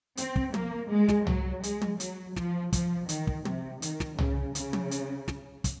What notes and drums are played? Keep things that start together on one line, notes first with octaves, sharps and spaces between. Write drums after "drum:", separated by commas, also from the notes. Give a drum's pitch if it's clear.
C4, drum: hi-hat
drum: kick
A#3, drum: tom
G#3
drum: snare
F#3, drum: tom C2
G#3, drum: hi-hat
drum: tom
F#3, drum: hi-hat
F3, drum: snare
F3, drum: kick, hi-hat
D#3, drum: hi-hat
drum: kick
C3, drum: tom
D#3, drum: hi-hat
drum: snare
C#3, drum: tom C2
C#3, drum: hi-hat
drum: tom
drum: hi-hat
drum: snare
drum: kick, hi-hat